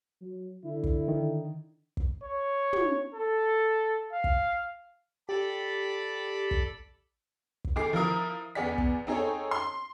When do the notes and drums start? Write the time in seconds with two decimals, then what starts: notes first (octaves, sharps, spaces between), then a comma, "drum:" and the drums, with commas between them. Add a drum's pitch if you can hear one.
0.21 F#3
0.65 D3 E4
0.84 drum: kick
1.08 D#3
1.97 drum: kick
2.24 C#5
2.73 drum: tom
3.15 A4
4.13 F5
4.24 drum: kick
5.29 G4 A4 D5 B5
6.51 drum: kick
7.65 drum: kick
7.76 D#3 A3 G#4 D6 C7
7.93 F3 E4 A#4 D#6
8.55 E2 B3 G#4 D5 B6
8.78 drum: kick
9.07 C4 D#4 G#4 A4 C#5
9.51 C6